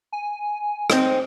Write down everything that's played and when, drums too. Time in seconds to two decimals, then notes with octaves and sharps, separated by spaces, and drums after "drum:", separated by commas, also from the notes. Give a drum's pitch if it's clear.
0.12 G#5
0.90 C4 D#4 C5, drum: rim click